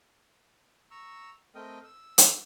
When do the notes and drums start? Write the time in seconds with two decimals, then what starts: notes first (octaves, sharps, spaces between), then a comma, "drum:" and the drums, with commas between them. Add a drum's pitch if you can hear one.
0.91 A#5 C#6 E6
1.55 A3 C4 A#4 D#5 G5 D#6
1.84 E6
2.18 drum: hi-hat